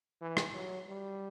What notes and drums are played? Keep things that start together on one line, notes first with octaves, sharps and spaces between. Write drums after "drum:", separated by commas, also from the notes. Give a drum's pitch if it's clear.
E3
drum: rim click
F#3
G3